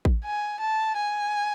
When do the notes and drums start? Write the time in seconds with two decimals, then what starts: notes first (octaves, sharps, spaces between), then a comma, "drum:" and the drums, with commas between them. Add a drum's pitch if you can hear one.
0.05 drum: kick A1
0.25 G#5
0.60 A5
0.96 G#5